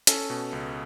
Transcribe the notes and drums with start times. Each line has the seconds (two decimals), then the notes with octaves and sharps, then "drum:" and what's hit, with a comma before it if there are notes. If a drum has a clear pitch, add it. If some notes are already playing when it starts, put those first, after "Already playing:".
0.07 C#4 A4, drum: hi-hat
0.30 B2
0.53 C#2